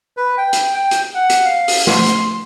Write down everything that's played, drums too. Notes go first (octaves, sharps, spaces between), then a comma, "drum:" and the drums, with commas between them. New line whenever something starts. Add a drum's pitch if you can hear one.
B4
G5
drum: hi-hat
G5
drum: hi-hat
F#5
drum: hi-hat
F5
drum: open hi-hat
C6, drum: snare
drum: hi-hat